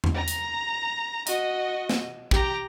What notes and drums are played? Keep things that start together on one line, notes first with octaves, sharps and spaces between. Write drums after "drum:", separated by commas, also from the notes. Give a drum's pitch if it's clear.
drum: tom E2
A#5
drum: hi-hat
F#4 D#5, drum: hi-hat
drum: snare
G4 A#5, drum: kick